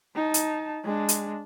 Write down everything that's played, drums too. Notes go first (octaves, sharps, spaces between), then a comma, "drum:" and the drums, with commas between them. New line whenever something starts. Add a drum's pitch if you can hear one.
D#4 A5
drum: hi-hat
G#3 D4
drum: hi-hat